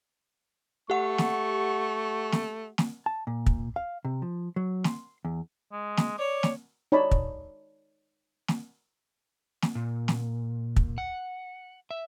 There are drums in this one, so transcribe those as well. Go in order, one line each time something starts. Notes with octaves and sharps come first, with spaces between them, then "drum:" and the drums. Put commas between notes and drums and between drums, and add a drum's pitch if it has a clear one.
A3 G4 F#5 C#6
drum: snare
drum: snare
drum: snare
A5
A#2
drum: kick
F5
C3
F3
F#3
C6, drum: snare
E2
G#3
drum: snare
C#5 D5
drum: snare
D#4 C#5 D5 A5 B5
drum: kick
drum: snare
drum: snare
A#2
drum: snare
drum: kick
F#5
E5